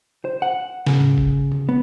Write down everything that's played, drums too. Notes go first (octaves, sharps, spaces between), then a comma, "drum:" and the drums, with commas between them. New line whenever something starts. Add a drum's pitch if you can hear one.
C5
F#5
C#3, drum: snare
drum: tom G#2
drum: kick F#1
drum: tom D3
B3